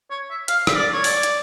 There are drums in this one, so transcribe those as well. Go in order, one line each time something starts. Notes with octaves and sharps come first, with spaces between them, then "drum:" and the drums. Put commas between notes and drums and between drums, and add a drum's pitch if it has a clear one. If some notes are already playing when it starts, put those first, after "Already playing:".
C#5
E5
F5, drum: hi-hat
E5, drum: rim click
D5
C#5
D5, drum: open hi-hat
drum: hi-hat